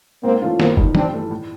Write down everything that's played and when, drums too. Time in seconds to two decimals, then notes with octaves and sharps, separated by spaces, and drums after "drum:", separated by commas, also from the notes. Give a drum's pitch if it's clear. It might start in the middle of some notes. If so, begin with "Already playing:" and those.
0.24 G#2 A#3 C4
0.42 E3 A3 C#4 F4
0.60 G1 A#3 C4, drum: snare
0.77 G2 D#3, drum: kick F1
0.95 G2 C4 D4, drum: tom E3
1.13 E3 A3
1.31 A2